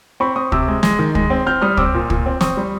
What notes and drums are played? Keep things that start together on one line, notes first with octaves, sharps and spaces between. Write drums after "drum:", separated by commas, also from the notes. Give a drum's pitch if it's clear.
C4 B5 C#6
C4 C#6 D#6
C3 D6 E6, drum: kick
G#3
G#3, drum: snare
D#3
G#3, drum: kick
C4
C4 F6 G6
G3 D#6 F6
C4 D6 E6, drum: kick
A#2
A#2, drum: kick
C4
C4 C#6 D#6, drum: snare
G3